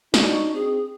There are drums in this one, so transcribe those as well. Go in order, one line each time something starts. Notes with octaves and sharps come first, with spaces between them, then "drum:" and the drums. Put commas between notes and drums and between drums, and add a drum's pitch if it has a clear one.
D4 D#4 F#4, drum: snare
C4 G#4